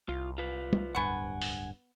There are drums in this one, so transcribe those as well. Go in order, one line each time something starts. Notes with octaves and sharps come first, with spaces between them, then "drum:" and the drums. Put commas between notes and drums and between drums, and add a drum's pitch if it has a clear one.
C2 F4
F4 B4
drum: tom
D1 G2 B3 F#5 G#5 C#6
drum: open hi-hat